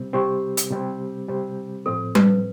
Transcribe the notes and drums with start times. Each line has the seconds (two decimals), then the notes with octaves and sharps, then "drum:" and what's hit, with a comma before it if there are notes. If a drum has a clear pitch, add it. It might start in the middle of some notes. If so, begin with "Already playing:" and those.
Already playing: C3 G3 C4
0.13 C3 G3 C4 G4
0.57 drum: hi-hat
0.70 C3 G3 C4
1.28 C3 G3 C4
1.86 A2 F3 C4 A4
2.15 B4, drum: tom G3